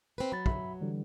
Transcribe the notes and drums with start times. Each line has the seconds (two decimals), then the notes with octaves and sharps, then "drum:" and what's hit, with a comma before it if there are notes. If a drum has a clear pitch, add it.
0.18 C4 B4
0.32 F#3 B5 A6
0.46 E5 B5, drum: kick
0.81 D3 E3 G3